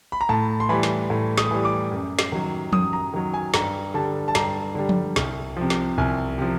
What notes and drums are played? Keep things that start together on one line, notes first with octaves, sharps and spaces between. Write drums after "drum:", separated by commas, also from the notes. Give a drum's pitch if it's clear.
B5
A#5
A2 A5
C6
E3 G3 B5
drum: snare
A2
D#6, drum: snare
E3 G3
D6
F#2
drum: snare
D#3 F#3
F#2 D#6, drum: tom F3
A#5
D#3 F#3
G#5
G2 A#5, drum: snare
D3 G3 A5
A5
G2 A#5, drum: snare
D3 G3
drum: tom F3
C2, drum: snare
C3 F3
drum: snare
C2 G#5
C3 F3